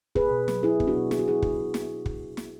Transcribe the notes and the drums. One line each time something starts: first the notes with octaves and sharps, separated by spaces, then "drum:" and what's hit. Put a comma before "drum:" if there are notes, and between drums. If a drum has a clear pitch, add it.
B3 G#4 B4, drum: kick
B2
F#3, drum: snare
B2 E4 G#4
B3, drum: kick
D4 F#4
B2
F#3 G#4, drum: snare
F#4
B2 E4 G#4
drum: kick
drum: snare
drum: kick
drum: snare